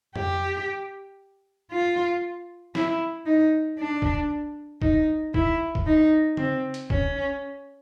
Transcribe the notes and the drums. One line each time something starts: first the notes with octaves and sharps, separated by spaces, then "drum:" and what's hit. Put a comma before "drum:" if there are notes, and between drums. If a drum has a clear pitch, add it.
G4, drum: tom F2
F4
E4, drum: snare
D#4
D4
drum: kick
D#4, drum: kick
E4, drum: kick
drum: kick
D#4
C4, drum: tom C#3
drum: hi-hat
C#4, drum: kick